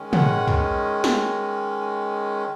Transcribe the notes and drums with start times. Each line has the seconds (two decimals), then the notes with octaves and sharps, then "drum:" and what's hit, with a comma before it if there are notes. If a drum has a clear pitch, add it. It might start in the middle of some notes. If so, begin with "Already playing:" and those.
Already playing: D#3 G#3 C#4
0.13 F#5, drum: tom
0.47 drum: tom
1.04 drum: snare